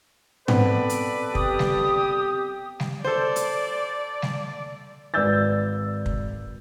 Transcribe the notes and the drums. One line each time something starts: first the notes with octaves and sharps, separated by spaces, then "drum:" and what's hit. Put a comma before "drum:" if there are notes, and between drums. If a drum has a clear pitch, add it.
B3 C4 A4 B4 D5, drum: tom G#2
drum: hi-hat
G4 D#6, drum: kick
drum: snare
drum: snare
A4 C5 D5
drum: hi-hat
drum: snare
G#1 B4 D5 E6 G6 A6
drum: kick